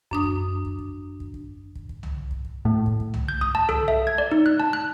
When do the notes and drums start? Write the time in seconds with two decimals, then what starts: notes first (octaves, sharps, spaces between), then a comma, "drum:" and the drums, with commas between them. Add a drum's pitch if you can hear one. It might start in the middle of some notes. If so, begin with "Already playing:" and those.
0.11 F#2 D4 D#6, drum: kick
0.23 drum: kick
0.65 drum: kick
0.79 drum: kick
1.20 drum: kick
1.34 drum: kick
1.75 drum: kick
1.89 drum: kick
2.03 drum: tom C2
2.31 drum: kick
2.45 drum: kick
2.65 A2
2.86 drum: kick
3.00 drum: kick
3.14 drum: tom C2
3.28 G6
3.41 D#6, drum: kick
3.55 A5, drum: kick
3.69 A4, drum: tom C2
3.88 E5
4.07 G#6
4.18 D5
4.32 D#4
4.46 F#6
4.60 A5
4.73 F#6